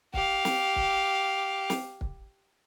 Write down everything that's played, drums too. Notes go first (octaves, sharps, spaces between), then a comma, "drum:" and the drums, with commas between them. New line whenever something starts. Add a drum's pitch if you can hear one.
G4 F5, drum: kick
drum: snare
drum: kick
drum: snare
drum: kick